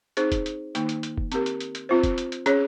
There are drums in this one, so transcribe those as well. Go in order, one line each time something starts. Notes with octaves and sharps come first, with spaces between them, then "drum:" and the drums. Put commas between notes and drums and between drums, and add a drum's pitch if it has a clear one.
C4 D#4 G#4 C5, drum: hi-hat
drum: kick, hi-hat
drum: hi-hat
D#3 A#3 D#4, drum: hi-hat
drum: hi-hat
drum: hi-hat
drum: kick
C4 G4 A#4, drum: hi-hat
drum: hi-hat
drum: hi-hat
drum: hi-hat
C4 F4 C5
drum: kick, hi-hat
drum: hi-hat
drum: hi-hat
C#4 G#4 C#5, drum: hi-hat